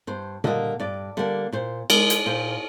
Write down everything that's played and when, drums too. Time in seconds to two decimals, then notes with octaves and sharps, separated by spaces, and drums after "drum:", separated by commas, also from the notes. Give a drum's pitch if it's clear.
0.07 G2 C5
0.44 D3 G3 A#3 D#5, drum: tom A#2
0.80 G2 D5
1.17 D3 G3 A#3
1.53 A#2 C5
1.90 G#3 A#4, drum: cymbal
2.10 drum: hi-hat
2.26 A#2 C5